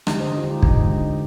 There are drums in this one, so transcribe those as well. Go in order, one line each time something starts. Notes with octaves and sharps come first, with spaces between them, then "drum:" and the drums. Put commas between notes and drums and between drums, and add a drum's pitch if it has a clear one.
D3 G#3 D#4 G4, drum: rim click
C5 D#5
F4
D3 G#3 D#4 G4
drum: kick
D3 G#3